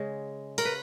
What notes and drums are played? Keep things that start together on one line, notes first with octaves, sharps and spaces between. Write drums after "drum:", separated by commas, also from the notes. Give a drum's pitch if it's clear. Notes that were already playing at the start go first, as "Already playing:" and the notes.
Already playing: C#3 G#3
A#4, drum: cymbal
B4